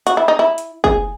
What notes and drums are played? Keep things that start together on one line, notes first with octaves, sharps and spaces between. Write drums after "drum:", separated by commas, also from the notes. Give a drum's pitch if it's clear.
F#4, drum: hi-hat
E4
D#4
E4
drum: hi-hat
G#4, drum: kick